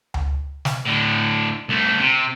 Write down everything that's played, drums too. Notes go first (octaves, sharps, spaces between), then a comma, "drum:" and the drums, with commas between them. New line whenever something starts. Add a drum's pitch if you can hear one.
drum: tom C#2
drum: snare
A2 D3
C2 A3
C3